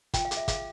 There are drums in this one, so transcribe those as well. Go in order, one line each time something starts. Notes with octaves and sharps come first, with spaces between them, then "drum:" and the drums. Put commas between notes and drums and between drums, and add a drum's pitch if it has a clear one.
F4 G5, drum: kick, hi-hat
F5
G#4, drum: hi-hat
E5
G#4 F5, drum: kick, hi-hat